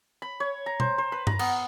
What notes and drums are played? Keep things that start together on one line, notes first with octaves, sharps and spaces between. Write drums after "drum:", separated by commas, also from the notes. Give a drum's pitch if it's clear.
B5
C#5
A#5
C5, drum: tom B2
C5
B4
A#5, drum: tom G2
B3, drum: cymbal